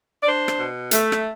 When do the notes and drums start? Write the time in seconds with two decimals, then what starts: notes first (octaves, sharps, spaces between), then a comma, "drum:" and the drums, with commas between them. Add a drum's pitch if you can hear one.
0.23 D5
0.26 D4 C5
0.48 drum: rim click
0.59 B2
0.91 A3, drum: hi-hat
1.12 drum: rim click